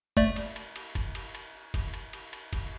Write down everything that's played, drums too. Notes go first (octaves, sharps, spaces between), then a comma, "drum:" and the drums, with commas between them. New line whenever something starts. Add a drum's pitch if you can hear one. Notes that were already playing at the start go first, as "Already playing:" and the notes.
A3 D5, drum: kick
drum: cymbal
drum: cymbal
drum: cymbal
drum: kick, cymbal
drum: cymbal
drum: cymbal
drum: kick, cymbal
drum: cymbal
drum: cymbal
drum: cymbal
drum: kick, cymbal